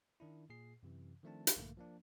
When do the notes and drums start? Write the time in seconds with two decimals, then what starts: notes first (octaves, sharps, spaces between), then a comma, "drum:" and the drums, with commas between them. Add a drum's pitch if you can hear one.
0.20 D#3 D4 E4
0.49 A#2 G#4 C7
0.83 F#2 C3 E3
1.23 D#3 F3 A3 C4 D4 A5
1.47 drum: hi-hat
1.56 A#1 G2 D3 G3 A3 A#3
1.77 F3 A#3 D4